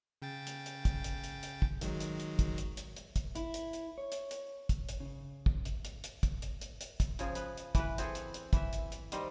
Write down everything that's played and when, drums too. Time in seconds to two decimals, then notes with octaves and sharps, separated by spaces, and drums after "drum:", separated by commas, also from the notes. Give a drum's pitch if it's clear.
0.22 C#3 G5 A6
0.47 drum: hi-hat
0.66 drum: hi-hat
0.85 drum: kick, hi-hat
1.04 drum: hi-hat
1.24 drum: hi-hat
1.43 drum: hi-hat
1.62 drum: kick
1.81 D#3 F#3 G#3, drum: hi-hat
2.00 drum: hi-hat
2.20 drum: hi-hat
2.39 drum: kick, hi-hat
2.58 drum: hi-hat
2.77 drum: hi-hat
2.96 drum: hi-hat
3.16 drum: kick, hi-hat
3.35 E4, drum: hi-hat
3.54 drum: hi-hat
3.73 drum: hi-hat
3.98 C#5
4.12 drum: hi-hat
4.31 drum: hi-hat
4.69 drum: kick, hi-hat
4.89 drum: hi-hat
5.00 C#3
5.46 drum: kick
5.65 drum: hi-hat
5.85 drum: hi-hat
6.04 drum: hi-hat
6.23 drum: kick, hi-hat
6.42 drum: hi-hat
6.61 drum: hi-hat
6.81 drum: hi-hat
7.00 drum: kick, hi-hat
7.19 C#3 F3 G#4, drum: hi-hat
7.35 B4, drum: hi-hat
7.57 drum: hi-hat
7.75 E3 B4, drum: kick, hi-hat
7.98 C4 G#4 A4, drum: hi-hat
8.15 drum: hi-hat
8.34 drum: hi-hat
8.53 E3 E5, drum: kick, hi-hat
8.73 drum: hi-hat
8.92 drum: hi-hat
9.12 D#3 G3 C5 D#5, drum: hi-hat